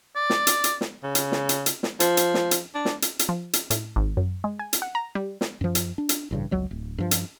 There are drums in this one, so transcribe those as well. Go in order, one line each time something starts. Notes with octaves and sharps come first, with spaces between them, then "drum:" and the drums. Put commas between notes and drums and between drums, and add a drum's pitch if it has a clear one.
D5
drum: snare
drum: hi-hat
drum: hi-hat
drum: snare
C#3
drum: hi-hat
drum: snare
drum: hi-hat
drum: hi-hat
drum: snare
F3, drum: hi-hat
drum: hi-hat
drum: snare
drum: hi-hat
D4
drum: snare
drum: hi-hat
drum: hi-hat
F3
drum: hi-hat
A2, drum: hi-hat
G#1
F#2
G#3
G#5
drum: hi-hat
F#5
A#5
G3
drum: snare
F#2 F3
drum: hi-hat
D4
drum: hi-hat
A1 G2 C#3
G1 C#2 F#3 G#3
D1
G2 F3
drum: hi-hat